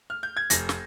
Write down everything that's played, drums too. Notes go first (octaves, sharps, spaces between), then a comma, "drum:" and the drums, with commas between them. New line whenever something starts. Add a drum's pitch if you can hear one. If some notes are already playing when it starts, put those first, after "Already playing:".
F6
G6
G#6
F1 A#6, drum: hi-hat
drum: snare